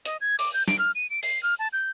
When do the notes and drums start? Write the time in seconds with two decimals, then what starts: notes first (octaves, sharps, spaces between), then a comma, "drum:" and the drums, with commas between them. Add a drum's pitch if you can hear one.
0.05 D#5, drum: hi-hat
0.21 G#6
0.39 D6, drum: open hi-hat
0.54 G6
0.68 D7, drum: snare
0.79 F6
0.95 D#7
1.10 D7
1.23 C7, drum: open hi-hat
1.43 F6
1.59 A5
1.73 G6